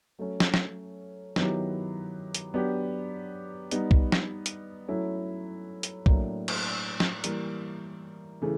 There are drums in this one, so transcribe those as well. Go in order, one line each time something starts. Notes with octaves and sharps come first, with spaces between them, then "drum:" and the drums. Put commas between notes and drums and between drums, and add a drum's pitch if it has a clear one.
F#3 A3 C#4
drum: snare
drum: snare
D#3 F#3 B3 E4 G4, drum: snare
drum: hi-hat
F#3 B3 D4 G4
G3 B3 D#4, drum: hi-hat
drum: kick
drum: snare
drum: hi-hat
F#3 A3 C#4 E4
drum: hi-hat
A2 F#3 A#3 D4, drum: kick
drum: cymbal
drum: snare
E3 G3 A#3, drum: hi-hat
C#3 E3 A3